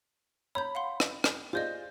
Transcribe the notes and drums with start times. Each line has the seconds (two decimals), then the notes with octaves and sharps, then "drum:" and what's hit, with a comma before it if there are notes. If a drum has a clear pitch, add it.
0.55 C#5 A#5 B5 G6
0.75 F5 F#5 C6
1.00 drum: rim click
1.24 drum: rim click
1.53 F4 G#4 C5 D5 D#5 G6